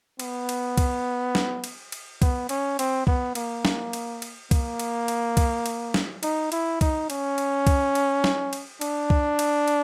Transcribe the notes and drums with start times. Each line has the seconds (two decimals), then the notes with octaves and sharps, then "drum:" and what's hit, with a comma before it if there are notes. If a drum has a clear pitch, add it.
0.19 B3, drum: cymbal
0.49 drum: cymbal
0.78 drum: kick C2, cymbal
1.35 drum: snare
1.64 drum: cymbal
1.92 drum: cymbal
2.22 B3, drum: kick C2, cymbal
2.49 C#4, drum: cymbal
2.79 C4, drum: cymbal
3.07 B3, drum: kick C2
3.35 A#3, drum: cymbal
3.65 drum: snare
3.93 drum: cymbal
4.22 drum: cymbal
4.51 A#3, drum: kick C2, cymbal
4.79 drum: cymbal
5.08 drum: cymbal
5.37 drum: kick C2, cymbal
5.66 drum: cymbal
5.94 drum: snare
6.23 D#4, drum: cymbal
6.52 E4, drum: cymbal
6.81 D#4, drum: kick C2, cymbal
7.10 C#4, drum: cymbal
7.38 drum: cymbal
7.67 drum: kick C2, cymbal
7.95 drum: cymbal
8.24 drum: snare
8.53 drum: cymbal
8.81 D4, drum: cymbal
9.10 drum: kick C2
9.39 drum: cymbal
9.68 drum: cymbal